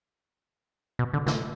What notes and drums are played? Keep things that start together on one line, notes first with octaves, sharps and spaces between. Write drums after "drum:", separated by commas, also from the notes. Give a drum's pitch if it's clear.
B2
D3
D3, drum: snare